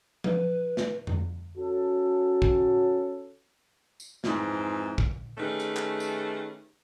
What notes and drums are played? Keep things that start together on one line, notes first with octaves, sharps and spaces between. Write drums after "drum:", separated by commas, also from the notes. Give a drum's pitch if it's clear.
B4, drum: tom F3
drum: snare
drum: tom F2
C#4 F#4 A4
drum: kick
drum: tambourine
F2 G#2 E3 C4, drum: snare
drum: kick
D#3 A3 C#4 G4 G#4 B4
drum: hi-hat
drum: clap
drum: tambourine